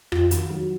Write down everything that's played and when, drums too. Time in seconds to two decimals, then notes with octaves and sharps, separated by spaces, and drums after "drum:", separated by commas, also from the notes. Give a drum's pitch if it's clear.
0.12 F2 F4, drum: rim click
0.31 D#3 F#4, drum: hi-hat
0.50 F#3 F#4